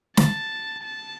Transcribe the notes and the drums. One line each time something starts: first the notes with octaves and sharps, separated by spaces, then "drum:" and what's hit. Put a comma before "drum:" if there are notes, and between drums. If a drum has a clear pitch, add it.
A5, drum: snare
A5